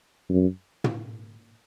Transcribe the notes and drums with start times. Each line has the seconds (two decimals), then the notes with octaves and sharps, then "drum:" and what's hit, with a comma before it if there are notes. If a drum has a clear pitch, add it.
0.29 F#2
0.84 drum: tom